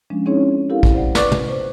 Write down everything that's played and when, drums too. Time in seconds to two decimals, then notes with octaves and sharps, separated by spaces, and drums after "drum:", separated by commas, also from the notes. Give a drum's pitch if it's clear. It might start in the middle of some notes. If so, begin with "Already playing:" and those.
0.10 F3 G#3 C#4 D4
0.26 C4 C#4 D#4 E4 G#4 C#5
0.69 C4 E4 G4 A4 A#4 F5
0.83 drum: kick
0.93 C5 D5 F#5
1.15 B4 D5 C#6 D6 F#6 A6, drum: snare
1.32 drum: tom
1.49 C5